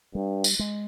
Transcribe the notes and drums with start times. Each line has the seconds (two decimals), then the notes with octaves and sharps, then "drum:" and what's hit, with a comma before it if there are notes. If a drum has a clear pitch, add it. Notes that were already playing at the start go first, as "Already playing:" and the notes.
0.14 G2 G3
0.44 drum: tambourine
0.59 G#3